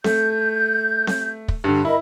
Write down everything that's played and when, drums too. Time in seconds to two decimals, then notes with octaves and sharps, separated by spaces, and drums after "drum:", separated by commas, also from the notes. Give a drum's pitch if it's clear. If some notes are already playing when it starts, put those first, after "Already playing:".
0.04 A3 G6, drum: snare C4
1.07 drum: snare C4
1.48 drum: kick
1.64 G2 D3
1.85 E4 A#4 D#5 B5